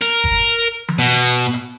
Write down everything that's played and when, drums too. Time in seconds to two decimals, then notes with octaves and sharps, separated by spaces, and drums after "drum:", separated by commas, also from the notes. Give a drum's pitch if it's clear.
0.01 A#4
0.24 drum: kick
0.88 drum: tom E3
0.99 B2
1.53 drum: hi-hat